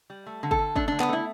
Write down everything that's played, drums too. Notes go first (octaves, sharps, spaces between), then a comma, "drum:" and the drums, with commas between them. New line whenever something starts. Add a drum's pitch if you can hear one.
G3
A3
D3
A4, drum: kick
D3
A3 D4, drum: kick
D3 D4
B3, drum: clap
A3 E4